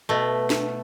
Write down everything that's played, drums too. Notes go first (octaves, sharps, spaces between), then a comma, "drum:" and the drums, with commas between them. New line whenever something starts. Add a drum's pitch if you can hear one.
B2 A3
drum: snare